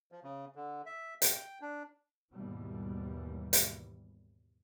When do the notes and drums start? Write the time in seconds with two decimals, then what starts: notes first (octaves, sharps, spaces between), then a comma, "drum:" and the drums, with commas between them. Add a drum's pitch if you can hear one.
0.12 F3
0.23 C#3
0.55 D3
0.86 E5
1.22 G5, drum: hi-hat
1.61 D4
2.32 D#2 G#2 B2 E3 G3
3.53 drum: hi-hat